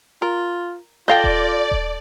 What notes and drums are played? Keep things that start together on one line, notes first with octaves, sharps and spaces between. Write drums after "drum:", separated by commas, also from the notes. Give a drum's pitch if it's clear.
F4 A#4
F4 A4 D5 D#5 F5 G5 G6 A#6
drum: kick D#1
drum: kick D#1